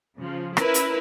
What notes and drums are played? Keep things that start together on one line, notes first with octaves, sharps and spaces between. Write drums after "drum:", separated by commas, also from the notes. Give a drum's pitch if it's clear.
C#3 F3
C#4 E4 A#4 B4, drum: rim click
drum: hi-hat